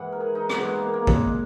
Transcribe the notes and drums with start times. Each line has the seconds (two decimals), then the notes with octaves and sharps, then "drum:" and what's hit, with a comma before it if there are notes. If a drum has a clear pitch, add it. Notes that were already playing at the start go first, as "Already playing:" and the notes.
Already playing: G#2 E3 F#5
0.12 A#4
0.20 G#4
0.35 D#4
0.49 B3, drum: rim click
0.64 G#3
0.79 A#3
0.94 A#3
1.07 G#3, drum: kick